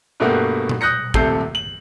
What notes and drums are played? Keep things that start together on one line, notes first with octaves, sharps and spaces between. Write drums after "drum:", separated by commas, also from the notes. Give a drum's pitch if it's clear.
G2 B2 A3 A#3 F#4 G4
drum: tom A#2
D#6 F#6 G6 A#6 C#7
D#1 C3 A3 A4 G6 C7, drum: kick
F#7